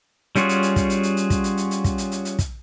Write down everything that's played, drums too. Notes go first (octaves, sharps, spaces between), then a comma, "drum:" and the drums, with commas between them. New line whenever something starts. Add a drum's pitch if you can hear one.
G3 C#4 F4 F#4 G#4, drum: hi-hat
drum: hi-hat
drum: hi-hat
drum: kick, hi-hat
drum: hi-hat
drum: hi-hat
drum: hi-hat
drum: kick, hi-hat
drum: hi-hat
drum: hi-hat
drum: hi-hat
drum: kick, hi-hat
drum: hi-hat
drum: hi-hat
drum: hi-hat
drum: kick, hi-hat